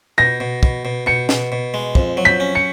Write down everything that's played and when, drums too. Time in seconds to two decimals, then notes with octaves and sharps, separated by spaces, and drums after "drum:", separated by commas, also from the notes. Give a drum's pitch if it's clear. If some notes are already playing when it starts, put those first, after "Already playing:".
0.18 B2 A#6
0.40 B2
0.63 B2, drum: kick
0.85 B2
1.06 B2 C#7
1.29 B2, drum: snare
1.52 B2
1.74 G#3
1.95 F2, drum: kick
2.17 F#3
2.25 B6
2.40 C#4
2.55 C#7